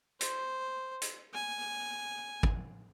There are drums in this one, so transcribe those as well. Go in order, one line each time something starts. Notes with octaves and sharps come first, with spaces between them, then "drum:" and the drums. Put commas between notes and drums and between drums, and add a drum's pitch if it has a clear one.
C5, drum: hi-hat
drum: hi-hat
G#5
drum: kick